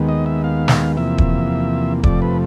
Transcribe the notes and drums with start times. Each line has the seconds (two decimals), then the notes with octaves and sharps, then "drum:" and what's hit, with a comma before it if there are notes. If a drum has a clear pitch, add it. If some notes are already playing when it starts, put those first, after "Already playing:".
Already playing: D#2 D#3 G#3 B3
0.09 D#5
0.26 E5
0.44 F5
0.68 drum: snare
0.97 E2 C3 F3 A#3 E5
1.18 drum: kick D#1
2.03 F2 C3 F3 A3 D5, drum: kick D#1
2.22 B4